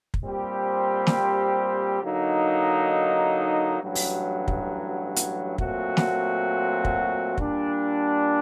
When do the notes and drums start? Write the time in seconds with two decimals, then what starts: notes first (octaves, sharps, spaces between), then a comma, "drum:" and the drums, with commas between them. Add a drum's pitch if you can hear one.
0.14 drum: kick
0.23 A#2 G3 C4 G4 C5
1.07 drum: snare
2.01 D3 F#3 A#3 D#4
3.80 A1 G2 F#3
3.95 drum: open hi-hat
4.48 drum: kick
5.16 drum: hi-hat
5.58 A#2 F#3 A3 C4 F#4, drum: kick
5.97 drum: snare
6.85 drum: kick
7.38 A#2 G3 D4, drum: kick